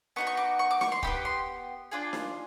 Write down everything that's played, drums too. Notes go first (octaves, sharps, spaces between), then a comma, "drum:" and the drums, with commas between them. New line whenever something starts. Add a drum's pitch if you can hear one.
B3 D#4 F#4 C#6
C#6
D6
C#6
D6
C#6, drum: snare D#4
C6
B3 D#4 G4 B5, drum: kick
C6
D4 F4 G#4
drum: snare D#4